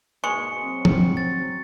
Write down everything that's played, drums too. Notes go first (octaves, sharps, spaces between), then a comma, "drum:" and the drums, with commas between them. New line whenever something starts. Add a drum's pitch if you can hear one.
G#2 B2 G#3 A#3 C#6 C#7
F#3 C4
drum: tom
A6